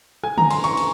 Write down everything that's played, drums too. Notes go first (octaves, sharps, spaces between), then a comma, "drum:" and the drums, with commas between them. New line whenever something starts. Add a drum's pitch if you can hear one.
G#5, drum: rim click
A#5, drum: tom D3
C6, drum: cymbal
C#6, drum: cymbal
drum: cymbal